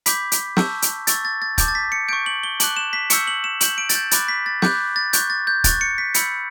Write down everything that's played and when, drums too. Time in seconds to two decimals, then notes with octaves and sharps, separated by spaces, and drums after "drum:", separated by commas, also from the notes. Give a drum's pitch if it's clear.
0.06 B5 D6 G6 B6, drum: hi-hat
0.32 drum: hi-hat
0.57 A5 C#6 E6 G6, drum: snare
0.82 drum: hi-hat
1.07 C#6 E6 G6 A6, drum: hi-hat
1.25 A6
1.42 A6
1.58 A5 D6 G6, drum: kick, hi-hat
1.68 A6
1.75 B6
1.92 C#7
2.08 C#6 G6 D7
2.26 F#7
2.43 G7
2.60 A5 D6 F#6 F#7, drum: hi-hat
2.77 E7
2.93 B6
3.10 C#6 E6 G6 C#7, drum: hi-hat
3.27 F#7
3.44 E7
3.61 C#6 G6 F#7, drum: hi-hat
3.78 D7
3.89 A6, drum: hi-hat
3.95 G6
4.11 B5 D6 F#6 A6, drum: hi-hat
4.29 B6
4.46 A6
4.62 B5 D6 F#6 G6, drum: snare
4.96 A6
5.13 C#6 F#6 G6, drum: hi-hat
5.30 A6
5.47 G6
5.64 C#6 F#6 A6, drum: kick, hi-hat
5.81 C#7
5.98 B6
6.14 B5 E6 G6 C#7, drum: hi-hat